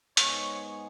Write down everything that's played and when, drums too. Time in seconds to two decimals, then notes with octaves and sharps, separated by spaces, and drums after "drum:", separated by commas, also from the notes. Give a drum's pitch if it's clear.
0.17 G#2 G#3 B3 G#4 C#5, drum: hi-hat